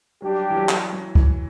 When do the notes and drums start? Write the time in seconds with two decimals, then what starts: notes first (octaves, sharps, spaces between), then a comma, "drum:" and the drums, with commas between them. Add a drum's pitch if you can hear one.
0.22 F#3 G3 D4 G4
0.50 E3
0.57 F#3
0.69 drum: clap
0.93 F#3
1.15 E3, drum: kick C#2